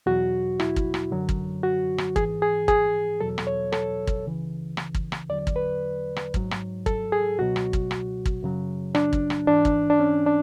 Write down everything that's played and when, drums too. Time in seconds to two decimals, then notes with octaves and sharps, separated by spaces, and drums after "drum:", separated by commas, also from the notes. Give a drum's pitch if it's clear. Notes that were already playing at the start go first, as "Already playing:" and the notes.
0.06 E2 B2 F#3 F#4
0.60 E4, drum: rim click
0.76 drum: kick
0.94 drum: rim click
1.11 F#2 D3 F#3
1.29 drum: kick
1.63 F#4
1.98 drum: rim click
2.16 G#2 E3 G#4, drum: kick
2.42 G#4
2.68 G#4, drum: kick
3.20 E2 B2 F#3 A4
3.38 drum: rim click
3.47 C#5
3.72 A4, drum: rim click
4.07 drum: kick
4.25 C#2 C#3 E3
4.77 drum: rim click
4.94 drum: kick
5.12 drum: rim click
5.30 E2 D3 F#3 D5
5.47 drum: kick
5.56 B4
6.16 drum: rim click
6.34 G#2 F#3, drum: kick
6.51 drum: rim click
6.86 A4, drum: kick
7.12 G#4
7.39 C#2 B2 F#3 F#4
7.56 drum: rim click
7.73 drum: kick
7.91 drum: rim click
8.26 drum: kick
8.43 F#2 C#3 F#3
8.95 D4, drum: rim click
9.13 drum: kick
9.30 drum: rim click
9.48 G#2 E3 D4
9.65 drum: kick
9.90 D4
10.00 C#4
10.26 D4